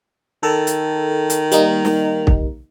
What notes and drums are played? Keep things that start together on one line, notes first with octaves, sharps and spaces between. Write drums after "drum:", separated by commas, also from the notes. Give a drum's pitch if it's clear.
D#3 A4 A5
drum: hi-hat
drum: hi-hat
G3 A#3 D#4, drum: hi-hat
drum: snare
drum: kick